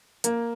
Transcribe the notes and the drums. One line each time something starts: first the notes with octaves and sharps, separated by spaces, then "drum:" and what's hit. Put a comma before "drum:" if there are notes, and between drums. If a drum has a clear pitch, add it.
A#3, drum: hi-hat